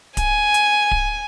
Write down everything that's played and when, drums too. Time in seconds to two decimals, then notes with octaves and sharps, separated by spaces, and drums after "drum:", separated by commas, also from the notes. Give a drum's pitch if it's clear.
0.17 G#5, drum: kick D1, hi-hat
0.54 drum: hi-hat
0.91 drum: kick D1